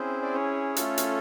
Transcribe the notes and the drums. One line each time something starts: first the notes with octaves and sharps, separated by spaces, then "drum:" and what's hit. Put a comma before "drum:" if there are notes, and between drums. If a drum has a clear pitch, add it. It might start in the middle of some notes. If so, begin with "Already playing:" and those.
Already playing: C4 C#4 E4 G#4 C5
D5
C#4 C#5
A3 C#4 F4 A4, drum: hi-hat
drum: hi-hat